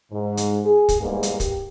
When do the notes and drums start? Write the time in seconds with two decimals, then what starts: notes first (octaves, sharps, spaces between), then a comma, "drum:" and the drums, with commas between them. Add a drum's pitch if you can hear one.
0.12 G#2
0.37 drum: hi-hat
0.65 G#4
0.89 drum: kick, hi-hat
1.00 E2 G#2 G3 A#3 B3 A#4
1.23 drum: hi-hat
1.40 G4, drum: kick, hi-hat